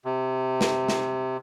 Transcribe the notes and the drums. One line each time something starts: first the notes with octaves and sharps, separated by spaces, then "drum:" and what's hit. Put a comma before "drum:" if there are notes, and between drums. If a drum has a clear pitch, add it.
C3
drum: snare
drum: snare